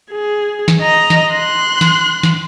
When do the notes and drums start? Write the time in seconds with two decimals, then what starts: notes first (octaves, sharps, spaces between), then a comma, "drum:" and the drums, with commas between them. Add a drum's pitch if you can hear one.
0.11 G#4
0.68 drum: snare
0.82 D#5 A#5
1.10 drum: snare
1.33 C6 F#6
1.81 drum: snare
2.23 drum: snare